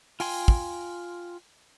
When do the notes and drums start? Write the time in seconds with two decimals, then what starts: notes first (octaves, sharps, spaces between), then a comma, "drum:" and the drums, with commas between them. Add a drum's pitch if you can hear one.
0.20 F4 G5 G#5 C6, drum: open hi-hat
0.48 drum: kick